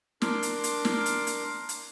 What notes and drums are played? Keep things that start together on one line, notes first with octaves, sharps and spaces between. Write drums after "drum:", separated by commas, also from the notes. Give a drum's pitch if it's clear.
D4 A#4 C6 D6, drum: snare
drum: hi-hat
drum: hi-hat
drum: snare
drum: hi-hat
drum: hi-hat
drum: hi-hat